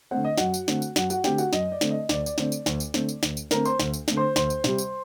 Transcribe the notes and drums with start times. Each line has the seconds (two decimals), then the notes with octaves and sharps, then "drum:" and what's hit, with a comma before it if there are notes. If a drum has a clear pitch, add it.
0.11 D3 A3 C4 F#5
0.24 D#5
0.38 F#2 F#4 F#5, drum: snare
0.54 drum: tambourine
0.68 D3 A3 C4, drum: snare
0.82 drum: tambourine
0.96 F#2 F#4 F#5, drum: snare
1.10 F#4 F#5, drum: tambourine
1.24 D3 A3 C4 G4 G5, drum: snare
1.38 F#4 F#5, drum: tambourine
1.53 F#2 D#5, drum: snare
1.72 D5
1.81 D3 A3 C4, drum: snare
1.91 D#5
2.09 D2 D5, drum: snare
2.26 D5, drum: tambourine
2.38 D3 A3 C4, drum: snare
2.52 drum: tambourine
2.66 D2, drum: snare
2.80 drum: tambourine
2.94 D3 A3 C4, drum: snare
3.09 drum: tambourine
3.23 D2, drum: snare
3.37 drum: tambourine
3.51 D3 A3 C4 A#4 A#5, drum: snare
3.65 C5 C6, drum: tambourine
3.80 D2, drum: snare
3.94 drum: tambourine
4.08 D3 A3 C4, drum: snare
4.17 C5 C6
4.36 D2 C5 C6, drum: snare
4.50 drum: tambourine
4.64 C3 G3, drum: snare
4.79 drum: tambourine